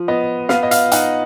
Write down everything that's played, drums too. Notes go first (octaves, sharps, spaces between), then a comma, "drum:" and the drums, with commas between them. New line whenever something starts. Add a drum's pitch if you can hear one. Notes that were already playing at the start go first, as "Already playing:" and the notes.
Already playing: F3
B3 D#5
B3 F5, drum: snare
D#5
F5, drum: hi-hat
D#4 F#5, drum: hi-hat